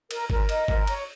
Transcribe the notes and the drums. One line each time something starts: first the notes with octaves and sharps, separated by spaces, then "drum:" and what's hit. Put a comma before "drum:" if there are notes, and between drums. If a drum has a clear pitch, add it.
A#4, drum: cymbal
A#4, drum: kick G1
D#5, drum: cymbal
A#4, drum: kick G1
C#5, drum: cymbal